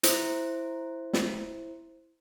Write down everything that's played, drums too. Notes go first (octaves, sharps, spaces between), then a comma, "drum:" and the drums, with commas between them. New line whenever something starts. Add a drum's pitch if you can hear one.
E4 C5, drum: hi-hat
drum: snare